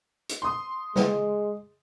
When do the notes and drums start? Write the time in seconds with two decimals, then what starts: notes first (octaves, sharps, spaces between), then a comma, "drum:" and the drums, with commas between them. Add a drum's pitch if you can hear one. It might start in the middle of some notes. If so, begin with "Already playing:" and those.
0.29 drum: hi-hat
0.42 C6 D#6
0.96 G#3, drum: snare